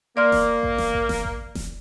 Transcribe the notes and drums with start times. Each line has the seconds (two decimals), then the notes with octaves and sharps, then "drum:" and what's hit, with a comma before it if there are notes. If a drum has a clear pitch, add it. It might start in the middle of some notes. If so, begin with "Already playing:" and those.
0.17 A#3 D5 C6 F6
0.32 drum: snare E1
0.63 drum: kick A1
0.78 drum: snare E1
0.94 drum: kick A1
1.09 drum: snare E1
1.25 drum: kick A1
1.55 drum: snare E1